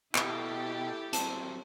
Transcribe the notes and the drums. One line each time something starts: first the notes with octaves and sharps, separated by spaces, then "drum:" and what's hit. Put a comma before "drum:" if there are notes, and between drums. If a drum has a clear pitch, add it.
B2 E4 G4 A4, drum: clap
F#3 C4 A5, drum: hi-hat